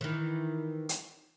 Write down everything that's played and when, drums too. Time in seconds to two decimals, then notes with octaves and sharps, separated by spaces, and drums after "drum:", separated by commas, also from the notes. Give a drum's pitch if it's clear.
0.01 D#3 E3
0.89 drum: hi-hat